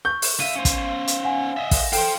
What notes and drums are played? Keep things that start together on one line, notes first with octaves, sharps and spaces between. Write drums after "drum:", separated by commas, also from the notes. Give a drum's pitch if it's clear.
C#6 G6
drum: open hi-hat
D3 E5 F5 D#7
C#4 C5
drum: kick, hi-hat
drum: hi-hat
F#5 G#5
D#5 E5
drum: kick, open hi-hat
A4 C5 F5 G5, drum: open hi-hat